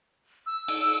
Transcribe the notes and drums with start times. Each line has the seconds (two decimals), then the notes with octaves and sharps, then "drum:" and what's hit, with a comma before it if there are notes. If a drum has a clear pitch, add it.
0.46 E6
0.68 drum: cymbal